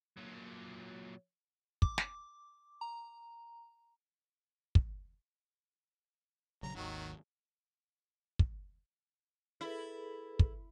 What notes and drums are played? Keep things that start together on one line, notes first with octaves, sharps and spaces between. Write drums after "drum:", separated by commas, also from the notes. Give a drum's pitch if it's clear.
A#2 F#3
D6, drum: kick
drum: snare
A#5
drum: kick
A#1 C#3 F#3 A#5
G#1 D#2 D#3 F#3
drum: kick
E4 G#4 A4 B4
drum: kick